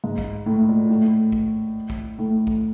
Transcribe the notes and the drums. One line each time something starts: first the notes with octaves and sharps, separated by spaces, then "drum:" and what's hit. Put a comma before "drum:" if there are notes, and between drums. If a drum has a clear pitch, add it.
G#2
drum: kick
A2
A#2
A2
drum: kick
drum: kick
A2
drum: kick